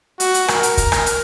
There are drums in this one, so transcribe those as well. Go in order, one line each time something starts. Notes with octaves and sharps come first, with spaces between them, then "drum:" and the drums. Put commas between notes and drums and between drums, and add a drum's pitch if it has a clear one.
F#4, drum: hi-hat
drum: hi-hat
A#4, drum: rim click
drum: hi-hat
drum: kick, hi-hat
drum: rim click
drum: hi-hat